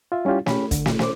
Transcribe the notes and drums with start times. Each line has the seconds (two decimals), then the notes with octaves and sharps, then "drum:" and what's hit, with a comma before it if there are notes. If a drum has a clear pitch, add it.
0.12 F4 E5
0.25 G3 C#4 E4 F4 G4
0.46 C#4 G4 B5, drum: snare
0.71 D3, drum: kick, hi-hat
0.86 drum: snare
0.99 C#4 C5 D6, drum: snare